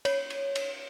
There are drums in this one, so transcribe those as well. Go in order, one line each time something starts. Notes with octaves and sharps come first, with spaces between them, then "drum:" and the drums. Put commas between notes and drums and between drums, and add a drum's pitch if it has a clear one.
C#5, drum: cymbal
drum: cymbal
drum: cymbal